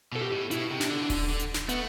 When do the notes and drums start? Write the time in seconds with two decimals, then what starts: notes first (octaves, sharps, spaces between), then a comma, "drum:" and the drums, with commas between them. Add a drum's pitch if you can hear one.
0.12 B2 A4
0.22 G4
0.32 A2
0.51 B2 E4, drum: hi-hat
0.71 C3
0.81 D4, drum: snare
0.90 D3
1.02 E3
1.10 D3, drum: kick D#1, open hi-hat
1.29 D3
1.39 drum: hi-hat
1.54 drum: snare
1.69 A3 B3, drum: hi-hat